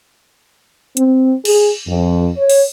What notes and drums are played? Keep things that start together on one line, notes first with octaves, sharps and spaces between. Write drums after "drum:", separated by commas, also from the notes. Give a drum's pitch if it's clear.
C4, drum: hi-hat
G#4, drum: cymbal
F2
C#5
drum: open hi-hat